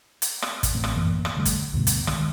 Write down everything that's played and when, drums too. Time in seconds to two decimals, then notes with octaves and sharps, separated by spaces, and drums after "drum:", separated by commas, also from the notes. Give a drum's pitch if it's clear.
0.22 drum: hi-hat
0.42 drum: rim click
0.63 drum: kick, hi-hat
0.75 A1 A3 C4
0.84 drum: rim click
0.94 D1 F#2 E3 A#3
1.25 drum: rim click
1.36 D3 G3 A3
1.45 drum: kick, hi-hat
1.73 D2 G2 B2
1.87 drum: hi-hat
2.07 B1 D#3 G#3, drum: rim click